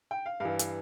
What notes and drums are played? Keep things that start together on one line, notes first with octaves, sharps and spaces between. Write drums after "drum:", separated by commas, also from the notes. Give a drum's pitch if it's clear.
G5
F5
G2 E3 F5
drum: hi-hat